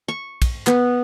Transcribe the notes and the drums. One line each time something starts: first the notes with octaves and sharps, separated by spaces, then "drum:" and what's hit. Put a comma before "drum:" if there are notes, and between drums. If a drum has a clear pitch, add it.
C#6
drum: kick, cymbal
B3, drum: clap